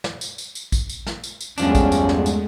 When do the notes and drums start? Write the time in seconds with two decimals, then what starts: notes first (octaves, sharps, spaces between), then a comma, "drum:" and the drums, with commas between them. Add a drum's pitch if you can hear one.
0.04 drum: snare
0.21 drum: tambourine
0.38 drum: tambourine
0.55 drum: tambourine
0.72 drum: kick, tambourine
0.89 drum: tambourine
1.06 drum: snare
1.24 drum: tambourine
1.41 drum: tambourine
1.58 E2 G2 F3 G#3 A3 C#4 D4, drum: tambourine
1.75 drum: kick, tambourine
1.92 drum: tambourine
2.09 drum: snare
2.26 drum: tambourine